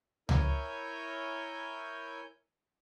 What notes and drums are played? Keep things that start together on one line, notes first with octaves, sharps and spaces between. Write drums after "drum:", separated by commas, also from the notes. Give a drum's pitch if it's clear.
E4 A#4 C#5 G#5 G6, drum: tom C#2